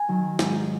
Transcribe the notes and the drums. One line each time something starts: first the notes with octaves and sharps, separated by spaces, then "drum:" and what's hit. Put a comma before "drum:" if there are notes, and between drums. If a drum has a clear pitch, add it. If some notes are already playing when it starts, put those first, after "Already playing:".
Already playing: G#5
D#3 F#3
G#2, drum: snare